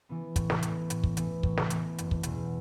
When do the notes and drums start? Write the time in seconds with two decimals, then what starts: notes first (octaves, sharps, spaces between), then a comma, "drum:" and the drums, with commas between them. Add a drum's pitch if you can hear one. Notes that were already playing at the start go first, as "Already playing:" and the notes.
0.09 E3 B3
0.36 A2, drum: kick, hi-hat
0.50 drum: snare
0.63 E3 B3, drum: hi-hat
0.90 A2, drum: hi-hat
1.04 drum: kick
1.17 E3 B3, drum: hi-hat
1.43 A2, drum: kick
1.57 drum: snare
1.70 E3 B3, drum: hi-hat
1.98 F#1, drum: hi-hat
2.11 drum: kick
2.23 E2 B2 B3 F#4, drum: hi-hat